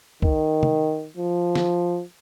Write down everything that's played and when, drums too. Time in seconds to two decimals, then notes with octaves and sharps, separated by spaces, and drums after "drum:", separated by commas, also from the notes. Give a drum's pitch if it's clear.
0.22 D#3, drum: kick
0.63 drum: tom
1.17 F3
1.55 drum: snare